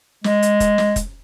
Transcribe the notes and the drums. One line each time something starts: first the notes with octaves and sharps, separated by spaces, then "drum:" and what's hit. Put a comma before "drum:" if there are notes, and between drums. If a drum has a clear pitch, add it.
G#3, drum: snare
drum: hi-hat
drum: kick F1, hi-hat
drum: snare
drum: kick F1, hi-hat